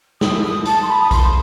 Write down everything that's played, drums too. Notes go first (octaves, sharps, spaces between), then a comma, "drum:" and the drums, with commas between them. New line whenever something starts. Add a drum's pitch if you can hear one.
D#6, drum: snare
D#6
A5, drum: hi-hat
C6
B5
D#6
C6, drum: kick A#1, hi-hat